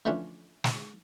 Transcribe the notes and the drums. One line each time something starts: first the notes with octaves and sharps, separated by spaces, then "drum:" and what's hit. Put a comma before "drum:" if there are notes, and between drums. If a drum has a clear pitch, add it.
D3 E3 F3 A3 C#4 D4
drum: snare